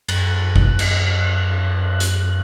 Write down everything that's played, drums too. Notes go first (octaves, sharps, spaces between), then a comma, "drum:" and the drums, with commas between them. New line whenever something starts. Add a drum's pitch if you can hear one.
F#2 F#6, drum: cymbal
drum: kick G1
drum: cymbal
drum: hi-hat